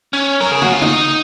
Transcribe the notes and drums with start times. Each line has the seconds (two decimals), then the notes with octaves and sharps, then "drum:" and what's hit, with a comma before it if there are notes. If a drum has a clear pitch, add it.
0.13 C#4
0.41 A#4
0.51 G#4
0.62 F#4, drum: tom
0.73 F4
0.82 D#4, drum: tom